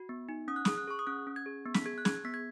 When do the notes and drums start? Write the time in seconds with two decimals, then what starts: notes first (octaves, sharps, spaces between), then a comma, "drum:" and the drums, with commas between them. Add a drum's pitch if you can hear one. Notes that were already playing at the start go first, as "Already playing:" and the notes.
Already playing: F#4
0.09 B3
0.29 D#4
0.48 C#4 D#6
0.56 F#6
0.65 G#4 D#6, drum: snare
0.78 F#6
0.88 G#4 C#6
0.99 D#6
1.07 C#4 F#6
1.27 C#4
1.36 G#6
1.46 G#4
1.66 B3
1.74 B6, drum: snare
1.86 G#4 G#6
1.98 F#6
2.05 G#4 G#6, drum: snare
2.25 B3 B6
2.34 G#6